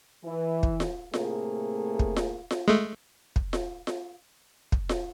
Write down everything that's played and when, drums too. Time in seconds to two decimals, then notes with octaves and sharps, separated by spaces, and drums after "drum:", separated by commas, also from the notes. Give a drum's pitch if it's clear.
0.25 E3
0.63 drum: kick
0.80 drum: snare F4
1.14 A2 C3 A3 A#3 G#4, drum: snare F4
1.99 drum: kick
2.16 drum: snare F4
2.51 drum: snare F4
2.68 G#3 A3
3.36 drum: kick
3.53 drum: snare F4
3.87 drum: snare F4
4.72 drum: kick
4.89 drum: snare F4